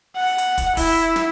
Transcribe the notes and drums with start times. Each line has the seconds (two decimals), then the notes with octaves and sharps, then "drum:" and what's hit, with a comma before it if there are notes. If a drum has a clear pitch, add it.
0.16 F#5
0.38 drum: hi-hat
0.58 drum: kick, hi-hat
0.77 E4, drum: kick, open hi-hat
1.16 drum: snare